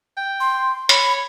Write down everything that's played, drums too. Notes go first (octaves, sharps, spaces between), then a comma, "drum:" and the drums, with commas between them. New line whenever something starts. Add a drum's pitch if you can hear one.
G5
C6
C#5 B5, drum: hi-hat